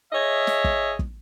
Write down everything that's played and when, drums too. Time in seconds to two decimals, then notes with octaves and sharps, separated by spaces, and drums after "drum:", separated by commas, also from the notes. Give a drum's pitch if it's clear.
0.12 G#4 C#5 D#5 E5
0.47 drum: snare
0.64 drum: kick
0.99 drum: kick